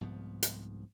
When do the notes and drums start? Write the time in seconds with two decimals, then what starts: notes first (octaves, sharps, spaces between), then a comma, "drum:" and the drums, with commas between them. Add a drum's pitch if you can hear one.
0.01 C2 G#2 F3 B3
0.43 drum: hi-hat